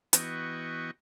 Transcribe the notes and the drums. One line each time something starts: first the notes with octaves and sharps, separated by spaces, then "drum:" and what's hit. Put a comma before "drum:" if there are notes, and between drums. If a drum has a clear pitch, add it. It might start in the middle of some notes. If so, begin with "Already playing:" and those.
E3 B3 F#4 D#5 G5 C#6, drum: hi-hat